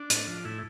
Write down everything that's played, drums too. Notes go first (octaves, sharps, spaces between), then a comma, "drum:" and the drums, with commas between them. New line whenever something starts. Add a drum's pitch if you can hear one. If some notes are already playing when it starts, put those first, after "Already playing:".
Already playing: D4
A2, drum: hi-hat
F3
A2 E4